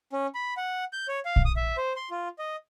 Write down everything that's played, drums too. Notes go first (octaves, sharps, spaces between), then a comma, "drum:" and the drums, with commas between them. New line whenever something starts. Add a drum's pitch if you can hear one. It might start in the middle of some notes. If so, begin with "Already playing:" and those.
C#4
B5
F#5
G6
C#5
F5
drum: kick A#1
D#6
E5
C5
C6
F4
D#5